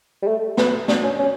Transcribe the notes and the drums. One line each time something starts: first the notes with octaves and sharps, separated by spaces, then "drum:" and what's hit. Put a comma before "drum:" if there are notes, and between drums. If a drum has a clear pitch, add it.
G3
A3
B3, drum: snare
D4, drum: snare
C#4
C#4